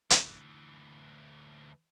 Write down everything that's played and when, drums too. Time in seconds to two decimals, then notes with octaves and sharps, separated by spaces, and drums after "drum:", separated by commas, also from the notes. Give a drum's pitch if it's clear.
0.10 D2 E3, drum: hi-hat